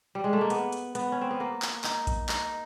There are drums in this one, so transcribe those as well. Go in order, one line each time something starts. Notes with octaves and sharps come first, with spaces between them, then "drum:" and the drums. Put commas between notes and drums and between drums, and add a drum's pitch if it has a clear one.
G3
G#3
A3
A#3
B3, drum: hi-hat
drum: hi-hat
B3, drum: hi-hat
C#4
C4
B3
A#3
drum: clap
D#4, drum: clap
drum: kick A#1, hi-hat
D#4, drum: clap